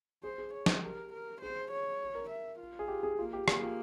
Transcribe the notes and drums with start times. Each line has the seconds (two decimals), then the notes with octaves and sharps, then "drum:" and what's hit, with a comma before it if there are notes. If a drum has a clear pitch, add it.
0.23 G#4 C5
0.38 G#4
0.54 C#5
0.66 drum: snare
0.82 G4 A#4
1.13 A#4
1.41 G#4 C5
1.72 C#5
2.15 A#4
2.29 E5
2.59 F4
2.79 G#4
2.88 G4
3.03 G#4
3.19 A#3 F4
3.33 G4
3.48 A#3 G#4, drum: rim click
3.62 F4